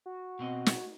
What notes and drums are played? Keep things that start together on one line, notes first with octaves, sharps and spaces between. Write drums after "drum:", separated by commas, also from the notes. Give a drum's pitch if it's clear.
F#4
B2 C4 D#5
drum: snare